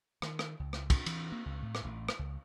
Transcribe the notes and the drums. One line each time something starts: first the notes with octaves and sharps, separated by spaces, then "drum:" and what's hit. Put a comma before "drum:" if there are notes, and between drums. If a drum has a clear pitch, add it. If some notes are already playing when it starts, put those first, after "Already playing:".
D#3, drum: rim click
drum: rim click
C#2
drum: rim click
drum: kick, cymbal
E3, drum: cymbal
A#3
C#2
A2
drum: rim click
A1
drum: rim click
C#2